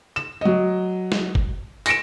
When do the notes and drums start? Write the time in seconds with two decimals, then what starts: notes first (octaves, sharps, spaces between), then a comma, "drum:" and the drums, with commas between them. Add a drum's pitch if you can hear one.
0.16 E7
0.41 F#3 D#5
1.12 drum: snare
1.35 drum: kick F#1
1.86 A#6 C#7 D7 E7, drum: hi-hat